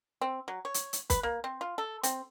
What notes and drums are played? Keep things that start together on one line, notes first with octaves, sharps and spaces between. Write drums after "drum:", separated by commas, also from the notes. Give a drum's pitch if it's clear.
C4
F#3
C#5
drum: hi-hat
drum: hi-hat
B4, drum: kick, hi-hat
A#3
C4
F4
A4
C4, drum: hi-hat